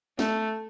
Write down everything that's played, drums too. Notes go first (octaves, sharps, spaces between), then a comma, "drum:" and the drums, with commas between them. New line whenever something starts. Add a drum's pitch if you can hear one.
A3, drum: snare